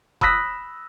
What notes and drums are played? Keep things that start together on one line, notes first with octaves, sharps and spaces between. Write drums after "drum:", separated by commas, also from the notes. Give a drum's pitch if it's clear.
B5 D#6 E6 F#6 A#6 B6, drum: kick F1